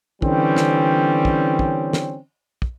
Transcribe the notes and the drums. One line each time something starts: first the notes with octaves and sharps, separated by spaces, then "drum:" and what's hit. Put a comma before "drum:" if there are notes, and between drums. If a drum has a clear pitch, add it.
D3 E3 G3 C4 C#4, drum: kick
drum: snare
drum: kick
drum: kick
drum: snare
drum: kick